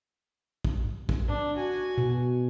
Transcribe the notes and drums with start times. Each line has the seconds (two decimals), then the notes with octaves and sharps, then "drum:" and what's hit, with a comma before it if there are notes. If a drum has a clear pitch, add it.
0.65 drum: kick
1.09 drum: kick
1.28 D4
1.57 F#4 G#5
1.98 B2